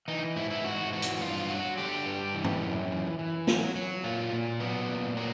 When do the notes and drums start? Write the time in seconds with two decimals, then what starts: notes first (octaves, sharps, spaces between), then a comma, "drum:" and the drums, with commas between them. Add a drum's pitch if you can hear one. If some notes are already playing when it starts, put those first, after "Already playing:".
0.08 E3 D#4
0.36 G#2 E4
0.50 E4
0.64 G#2 F#4
0.93 E3 F#4
1.02 drum: hi-hat
1.21 G2 F4
1.49 F#3 F#4
1.78 D3 G4
2.06 G2
2.34 E3
2.44 drum: tom
2.62 F#2
2.91 E3
3.19 E3
3.47 F#3, drum: snare
3.76 F#3
4.04 A#2 F4
4.32 A#2
4.60 F#3 B3
4.89 A#2
5.17 F#3 A#3